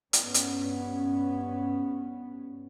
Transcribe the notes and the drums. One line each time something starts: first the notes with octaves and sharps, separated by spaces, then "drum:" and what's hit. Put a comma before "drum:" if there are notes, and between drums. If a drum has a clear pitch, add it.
G2 B3 C#4, drum: hi-hat
drum: hi-hat